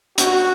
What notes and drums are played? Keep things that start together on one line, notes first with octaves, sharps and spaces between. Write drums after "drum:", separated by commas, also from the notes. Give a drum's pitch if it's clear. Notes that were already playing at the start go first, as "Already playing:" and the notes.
F#4, drum: hi-hat